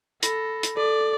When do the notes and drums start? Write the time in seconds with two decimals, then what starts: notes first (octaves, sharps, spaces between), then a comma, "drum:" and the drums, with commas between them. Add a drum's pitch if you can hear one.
0.22 A4 B5 A#6, drum: hi-hat
0.63 drum: hi-hat
0.77 A4 D5